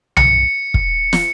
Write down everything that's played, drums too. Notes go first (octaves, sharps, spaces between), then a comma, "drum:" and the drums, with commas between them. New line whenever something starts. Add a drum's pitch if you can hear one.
C#7, drum: tom B1
drum: kick
drum: snare